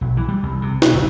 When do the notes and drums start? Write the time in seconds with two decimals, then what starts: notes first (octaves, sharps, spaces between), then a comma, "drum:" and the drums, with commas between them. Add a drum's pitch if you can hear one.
0.01 B1
0.17 E3
0.28 G3
0.43 C2
0.62 C3
0.82 B2, drum: snare
0.94 F#1